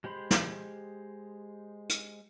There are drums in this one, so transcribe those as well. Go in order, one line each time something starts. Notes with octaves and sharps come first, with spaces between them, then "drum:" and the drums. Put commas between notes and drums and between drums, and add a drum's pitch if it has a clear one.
G#3 G4 C5 B5 C6
drum: snare
drum: hi-hat